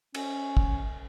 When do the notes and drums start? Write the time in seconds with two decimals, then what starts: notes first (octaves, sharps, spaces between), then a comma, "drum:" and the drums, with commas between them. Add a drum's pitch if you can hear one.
0.14 C#4, drum: cymbal
0.57 drum: kick